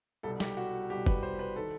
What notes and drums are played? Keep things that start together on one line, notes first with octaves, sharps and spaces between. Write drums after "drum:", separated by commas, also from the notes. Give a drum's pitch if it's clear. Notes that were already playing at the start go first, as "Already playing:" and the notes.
C2 B2 G3 A4
G4, drum: snare
F#4
C2 B2 G3 G4
B4, drum: kick
C5
B4
D#3 A4